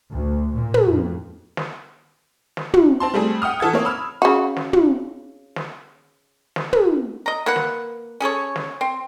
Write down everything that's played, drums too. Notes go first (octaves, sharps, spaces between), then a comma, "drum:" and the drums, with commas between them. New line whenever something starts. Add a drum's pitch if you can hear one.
D2
A#2
drum: tom
F2
drum: snare
drum: snare
drum: tom
C4 A5 C6
G3 A3 C4 G#4
F#5 G5 D#6 F6
E3 A4 F#5 G#6
A#3 C4 C#5
B5 E6 F6
C#3 F#4
drum: snare
drum: tom
drum: snare
drum: snare
drum: tom
D#5 A#5
A#3 B4 F#5
drum: snare
C#4 G#4 A4 C#5
drum: snare
C4